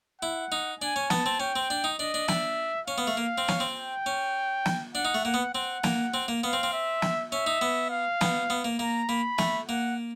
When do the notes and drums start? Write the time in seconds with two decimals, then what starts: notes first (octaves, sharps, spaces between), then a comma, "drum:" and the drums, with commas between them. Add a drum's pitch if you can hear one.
0.21 E4 F#5
0.52 D#4
0.80 D4 G#5
0.96 C#4
1.10 B3 A5, drum: snare
1.26 C4
1.40 C#4 G5
1.56 C4
1.70 D4
1.84 D#4
1.99 D4 D#5
2.14 D4
2.28 D4 E5, drum: snare
2.87 C#4 F5
2.98 B3
3.07 A3
3.17 A#3
3.38 C4
3.48 C#4, drum: snare
3.60 C4
3.77 G5
4.06 C#4
4.66 drum: snare
4.95 D4 F#5
5.05 D#4
5.14 A3
5.25 A#3 F#5
5.34 B3
5.55 C4 F#5
5.84 A#3, drum: snare
6.14 C4
6.28 A#3
6.43 B3 F5
6.53 C4
6.63 C4
6.73 E5
7.02 drum: snare
7.32 C#4 E5
7.47 D#4
7.61 B3
7.90 F5
8.21 B3, drum: snare
8.50 B3
8.64 A#3
8.79 A#3 A#5
9.09 A#3 B5
9.38 A3, drum: snare
9.69 A#3 F#5